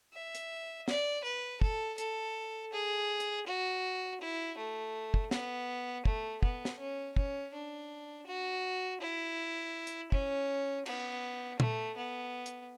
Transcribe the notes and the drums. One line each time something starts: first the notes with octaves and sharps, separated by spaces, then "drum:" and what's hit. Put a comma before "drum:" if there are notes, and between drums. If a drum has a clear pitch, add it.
E5
drum: hi-hat
D5, drum: snare
B4
A4, drum: kick
A4, drum: hi-hat
G#4
drum: hi-hat
F#4
E4
A3
drum: kick
B3, drum: snare
A3, drum: kick
B3, drum: kick
drum: snare
C#4
C#4, drum: kick
D4
F#4
E4
drum: hi-hat
C#4, drum: kick
B3, drum: cymbal
A3, drum: tom
B3
drum: hi-hat